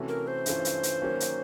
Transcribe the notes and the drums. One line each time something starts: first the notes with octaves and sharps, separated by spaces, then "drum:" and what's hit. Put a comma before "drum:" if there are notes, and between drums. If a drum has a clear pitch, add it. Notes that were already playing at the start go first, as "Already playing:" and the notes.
Already playing: C3 E3 A3 C#4 F#4
A#4
C5
G2 E3 A3 C#4 F4, drum: hi-hat
drum: hi-hat
drum: hi-hat
D#3 F#3 A#3 C#4
drum: hi-hat